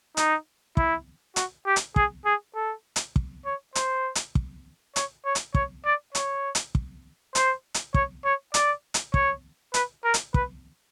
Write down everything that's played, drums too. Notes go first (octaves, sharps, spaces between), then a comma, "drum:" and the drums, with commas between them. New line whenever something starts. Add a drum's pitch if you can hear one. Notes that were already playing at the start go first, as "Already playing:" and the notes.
D#4, drum: hi-hat
E4, drum: kick
F#4, drum: hi-hat
G4
drum: hi-hat
G#4, drum: kick
G#4
A4
drum: hi-hat
drum: kick
C#5
C5, drum: hi-hat
drum: hi-hat
drum: kick
C#5, drum: hi-hat
C#5
drum: hi-hat
C#5, drum: kick
D5
C#5, drum: hi-hat
drum: hi-hat
drum: kick
C5, drum: hi-hat
drum: hi-hat
C#5, drum: kick
C#5
D5, drum: hi-hat
drum: hi-hat
C#5, drum: kick
B4, drum: hi-hat
A#4
drum: hi-hat
B4, drum: kick